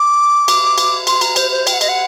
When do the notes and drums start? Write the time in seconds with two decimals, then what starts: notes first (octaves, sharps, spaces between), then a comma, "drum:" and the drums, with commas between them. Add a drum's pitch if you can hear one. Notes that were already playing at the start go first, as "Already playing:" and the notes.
Already playing: D6
0.48 drum: cymbal
0.78 drum: cymbal
1.07 C6, drum: cymbal
1.21 A#5, drum: cymbal
1.36 C5, drum: cymbal
1.52 C5
1.67 G5, drum: cymbal
1.73 F#5
1.81 D#5, drum: cymbal
1.89 F#5